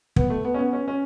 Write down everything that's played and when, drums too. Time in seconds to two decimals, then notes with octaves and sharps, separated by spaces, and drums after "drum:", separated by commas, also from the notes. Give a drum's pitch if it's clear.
0.16 B3, drum: kick
0.30 A3
0.45 B3
0.54 C#4
0.59 B3
0.73 C#4
0.88 C#4